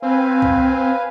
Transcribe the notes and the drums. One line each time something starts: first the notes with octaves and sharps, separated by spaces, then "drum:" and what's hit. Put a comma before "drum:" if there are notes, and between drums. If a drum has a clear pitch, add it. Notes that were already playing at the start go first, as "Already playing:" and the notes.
C4 B4 F5 G#5
drum: kick B1